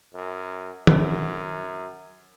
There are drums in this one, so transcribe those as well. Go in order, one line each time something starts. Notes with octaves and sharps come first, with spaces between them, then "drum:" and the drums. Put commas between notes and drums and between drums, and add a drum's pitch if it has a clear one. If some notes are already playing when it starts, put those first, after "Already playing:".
F#2
F#2, drum: tom